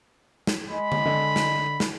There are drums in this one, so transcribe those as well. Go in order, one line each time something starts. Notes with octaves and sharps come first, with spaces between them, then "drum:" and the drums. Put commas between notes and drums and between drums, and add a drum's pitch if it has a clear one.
drum: snare
G#3 B5
drum: tom D3
D3 D#5
drum: snare
drum: snare